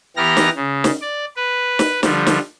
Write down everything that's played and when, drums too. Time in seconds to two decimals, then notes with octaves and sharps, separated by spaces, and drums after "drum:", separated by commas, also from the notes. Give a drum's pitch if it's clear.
0.17 E3 B3 G4 A#5 F6 A#6
0.37 drum: snare
0.56 C#3
0.84 drum: snare
1.02 D5
1.36 B4
1.79 drum: snare
2.03 D3 F3 G3, drum: snare
2.27 drum: snare